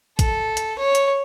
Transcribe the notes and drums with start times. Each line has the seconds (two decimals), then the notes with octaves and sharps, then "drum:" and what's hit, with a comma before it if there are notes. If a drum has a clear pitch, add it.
0.19 A4, drum: kick A1, hi-hat
0.57 drum: hi-hat
0.79 C#5
0.95 drum: hi-hat